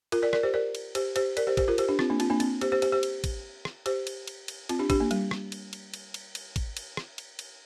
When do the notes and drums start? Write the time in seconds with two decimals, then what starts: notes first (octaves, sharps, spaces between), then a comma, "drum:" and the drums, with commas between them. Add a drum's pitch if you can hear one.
0.12 F4 A#4, drum: cymbal
0.22 A#4 D5
0.33 A#4 D5, drum: rim click
0.43 G4 C5
0.54 A#4 D5
0.75 drum: cymbal
0.95 G4 C5, drum: cymbal
1.16 G4 C5, drum: cymbal
1.37 A#4 D5, drum: cymbal
1.47 G4 C5
1.57 G4 C5, drum: kick A1, cymbal
1.68 F4 A#4
1.78 G4 C5, drum: cymbal
1.88 D4 G4
1.99 C4 F4, drum: rim click
2.10 A#3 D4
2.20 C4 F4, drum: cymbal
2.30 A#3 D4
2.40 C4, drum: cymbal
2.61 G4 C5, drum: cymbal
2.72 G4 C5
2.82 G4 C5, drum: cymbal
2.92 G4 C5
3.03 drum: cymbal
3.24 drum: kick A1, cymbal
3.65 drum: rim click
3.86 G4 C5, drum: cymbal
4.07 drum: cymbal
4.27 drum: cymbal
4.48 drum: cymbal
4.69 C4 F4, drum: cymbal
4.79 D4 G4
4.90 D4 G4, drum: kick A1, cymbal
5.00 A#3
5.11 G3, drum: cymbal
5.31 drum: rim click
5.52 drum: cymbal
5.73 drum: cymbal
5.94 drum: cymbal
6.14 drum: cymbal
6.35 drum: cymbal
6.56 drum: kick A1, cymbal
6.77 drum: cymbal
6.97 drum: rim click
7.18 drum: cymbal
7.39 drum: cymbal